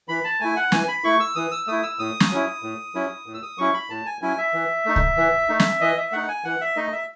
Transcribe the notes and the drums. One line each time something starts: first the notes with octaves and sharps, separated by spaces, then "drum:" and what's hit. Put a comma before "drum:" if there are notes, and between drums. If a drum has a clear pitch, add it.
E3 B5
A5
A3 E4 G#5
F#5
E3 G#5, drum: snare
B5
A3 E4 C#6
E6
E3 D#6
E6
A3 E4 D#6
E6
A2 D#6
drum: snare
F#3 C#4 E4
A2
F#3 C#4 E4
A2
E6
D#6
F#3 C#4 E4 C#6
B5
A2 A5
G#5
F#3 C#4 E4 G#5
E5
E3
A3 D#4
drum: kick C2
E3
A3 D#4
drum: snare
E3 D#5
E5
A3 D#4 F#5
G#5
E3 F#5
E5
A3 D#4 D#5
E5